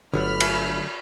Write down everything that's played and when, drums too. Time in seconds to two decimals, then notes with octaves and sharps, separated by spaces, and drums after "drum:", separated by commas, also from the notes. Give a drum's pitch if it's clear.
0.14 G1 D3 F#3 A3 B5 F6
0.40 drum: cymbal